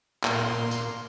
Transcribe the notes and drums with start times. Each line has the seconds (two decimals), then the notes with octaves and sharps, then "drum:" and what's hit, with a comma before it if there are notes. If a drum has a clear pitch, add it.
0.24 A#2 A#3 C6, drum: clap
0.71 drum: tambourine